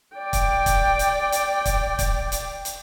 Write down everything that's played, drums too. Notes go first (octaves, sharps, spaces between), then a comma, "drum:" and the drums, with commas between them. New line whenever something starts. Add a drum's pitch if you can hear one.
D5 G5
drum: kick, hi-hat
drum: kick, hi-hat
drum: hi-hat
drum: hi-hat
drum: kick, hi-hat
drum: kick, hi-hat
drum: hi-hat
drum: hi-hat